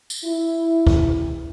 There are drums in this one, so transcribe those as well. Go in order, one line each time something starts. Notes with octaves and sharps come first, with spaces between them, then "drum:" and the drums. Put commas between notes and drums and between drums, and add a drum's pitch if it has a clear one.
drum: tambourine
E4
drum: kick